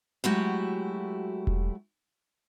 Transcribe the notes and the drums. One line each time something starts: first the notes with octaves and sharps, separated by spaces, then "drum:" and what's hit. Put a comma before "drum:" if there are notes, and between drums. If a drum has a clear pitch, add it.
F#3 G#3 A3 E4 F#4 G4
drum: kick E1